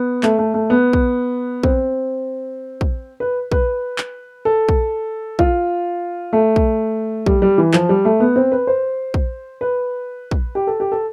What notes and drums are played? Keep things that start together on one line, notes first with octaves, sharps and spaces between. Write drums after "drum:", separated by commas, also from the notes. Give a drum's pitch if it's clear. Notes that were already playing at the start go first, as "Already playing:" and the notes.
Already playing: B3
A3, drum: clap
A3
A3
B3
drum: kick
C4, drum: kick
drum: kick
B4
B4, drum: kick
drum: clap
A4
drum: kick
F4, drum: kick
A3
drum: kick
G3, drum: kick
G3
E3
F3, drum: clap
G3
A3
B3
C4
B4
C5
drum: kick
B4
drum: kick
G4
A4
G4
A4